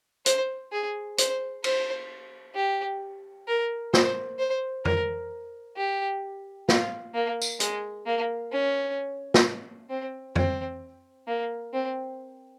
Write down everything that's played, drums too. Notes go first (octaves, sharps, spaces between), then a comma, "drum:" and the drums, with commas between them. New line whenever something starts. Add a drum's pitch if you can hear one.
C5, drum: hi-hat
G#4
C5, drum: hi-hat
C5, drum: cymbal
G4
A#4
C5, drum: snare
C5
A#4, drum: tom F2
G4
F4, drum: snare
A#3
drum: tambourine
G#3, drum: hi-hat
A#3
C#4
drum: snare
C4
C4, drum: tom F2
A#3
C4